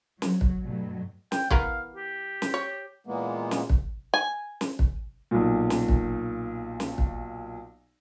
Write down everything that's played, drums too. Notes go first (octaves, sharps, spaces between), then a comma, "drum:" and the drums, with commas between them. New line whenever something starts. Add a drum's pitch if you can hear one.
F#3, drum: snare
drum: kick
G2 B2 F#3 A3
G5, drum: snare
E3 B3 A#4 F5, drum: kick
G4
drum: snare
C#5
A#2 E3 G#3 A#3 B3
drum: snare
drum: kick
G#5
drum: snare
drum: kick
B1 A#2
drum: snare
drum: kick
drum: snare
drum: kick